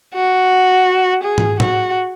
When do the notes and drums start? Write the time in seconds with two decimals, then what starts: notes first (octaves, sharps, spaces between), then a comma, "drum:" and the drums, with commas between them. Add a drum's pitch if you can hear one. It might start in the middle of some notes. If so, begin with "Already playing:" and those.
0.14 F#4
1.24 G#4
1.38 drum: tom
1.60 F#4, drum: tom A2